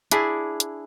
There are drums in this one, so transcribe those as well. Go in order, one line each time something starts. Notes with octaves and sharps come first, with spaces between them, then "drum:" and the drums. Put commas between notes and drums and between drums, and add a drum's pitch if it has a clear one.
D4 E4 G#4, drum: hi-hat
drum: hi-hat